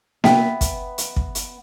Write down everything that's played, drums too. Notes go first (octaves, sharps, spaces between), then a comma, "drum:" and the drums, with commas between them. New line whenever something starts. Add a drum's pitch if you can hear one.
B3 E5 G5, drum: snare A#3
drum: kick, hi-hat
drum: hi-hat
drum: kick
drum: hi-hat